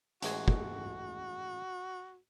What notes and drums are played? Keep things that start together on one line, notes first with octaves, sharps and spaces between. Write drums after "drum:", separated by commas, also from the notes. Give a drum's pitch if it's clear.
A1 G#3 F#4 G#5, drum: hi-hat
drum: kick